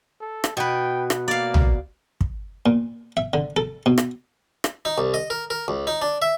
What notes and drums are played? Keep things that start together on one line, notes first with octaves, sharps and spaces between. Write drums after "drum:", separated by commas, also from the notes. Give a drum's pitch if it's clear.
A4
drum: rim click
B2 B4 G5
drum: rim click
A#3 D5 F5
drum: tom B1
drum: kick
A#2
E5
D3
A4
B2
drum: rim click
drum: rim click
D#4
C2
D#5
A#4
A#4
C#2
D#4
D4
E5